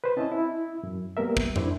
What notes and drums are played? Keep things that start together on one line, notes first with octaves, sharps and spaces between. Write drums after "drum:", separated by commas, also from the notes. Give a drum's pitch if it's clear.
B4 C5
C4 C#4 E4 D#5 A5
E4
F#2
G3 A#3 B3 A#4 E5
drum: kick
D4 E4 C5 D5, drum: tom